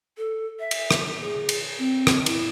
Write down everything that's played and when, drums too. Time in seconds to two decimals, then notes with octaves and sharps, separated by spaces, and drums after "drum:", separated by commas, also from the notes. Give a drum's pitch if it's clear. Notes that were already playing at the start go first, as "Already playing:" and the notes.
0.17 A4
0.60 E5
0.71 drum: cymbal
0.91 drum: rim click
1.21 G#4
1.49 drum: cymbal
1.79 C4
2.07 drum: rim click
2.26 E4, drum: cymbal